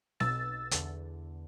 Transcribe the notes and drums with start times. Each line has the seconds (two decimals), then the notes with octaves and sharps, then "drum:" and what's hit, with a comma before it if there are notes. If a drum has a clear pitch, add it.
0.20 B1 B2 E6 A6, drum: snare C4
0.71 E2 D3, drum: hi-hat